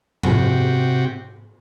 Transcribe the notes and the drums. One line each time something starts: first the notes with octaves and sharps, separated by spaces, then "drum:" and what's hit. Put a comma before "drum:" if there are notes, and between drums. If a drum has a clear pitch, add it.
C3 F#4 G4, drum: tom G#2